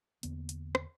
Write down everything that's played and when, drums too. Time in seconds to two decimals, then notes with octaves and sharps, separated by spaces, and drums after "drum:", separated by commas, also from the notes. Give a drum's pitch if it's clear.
0.23 E2 D3 A#3 B3, drum: hi-hat
0.49 drum: hi-hat
0.75 drum: rim click